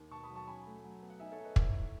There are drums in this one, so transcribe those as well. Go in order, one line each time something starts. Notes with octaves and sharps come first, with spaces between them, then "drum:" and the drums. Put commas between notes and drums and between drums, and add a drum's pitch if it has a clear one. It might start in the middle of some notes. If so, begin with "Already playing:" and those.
Already playing: D#2
B2 A5 C#6
B5 D#6
F#3
A5 C#6
C#4 G#5 B5
A3
F#3
B3
F#5
D#4 E5 G#5
A4 C#5
D#4
B4 D#5
E4 C#5 E5, drum: kick
A2